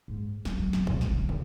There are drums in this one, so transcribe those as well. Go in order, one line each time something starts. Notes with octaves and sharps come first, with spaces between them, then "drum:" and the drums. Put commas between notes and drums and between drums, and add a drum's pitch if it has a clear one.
G#2
F#3, drum: snare
F#3
C#3, drum: snare
B2, drum: kick
C#3, drum: snare
D#3
C#3
D#3, drum: tom